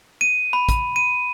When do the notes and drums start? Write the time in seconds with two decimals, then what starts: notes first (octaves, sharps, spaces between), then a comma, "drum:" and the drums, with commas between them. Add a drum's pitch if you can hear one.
0.21 D#7
0.53 B5
0.69 drum: kick, hi-hat
0.96 D#7